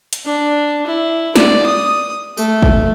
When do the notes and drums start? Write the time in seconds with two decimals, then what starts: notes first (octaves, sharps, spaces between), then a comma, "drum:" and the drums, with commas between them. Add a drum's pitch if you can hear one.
0.13 drum: hi-hat
0.25 D4
0.87 E4
1.36 D5, drum: snare
1.66 D#6
2.37 A3, drum: tambourine
2.62 drum: kick